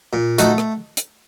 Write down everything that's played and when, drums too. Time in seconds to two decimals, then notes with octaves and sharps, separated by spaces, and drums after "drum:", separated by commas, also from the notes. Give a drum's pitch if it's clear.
0.13 A#2
0.38 A3 D#4 F#4, drum: hi-hat
0.58 drum: rim click
0.97 drum: hi-hat